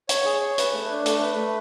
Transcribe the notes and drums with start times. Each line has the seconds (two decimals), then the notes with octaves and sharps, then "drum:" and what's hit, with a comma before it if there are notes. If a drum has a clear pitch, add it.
0.09 C#5, drum: hi-hat
0.25 G#4
0.41 C#5
0.58 B4, drum: hi-hat
0.73 A3
0.89 D4
1.06 A3, drum: hi-hat
1.21 B4
1.37 A3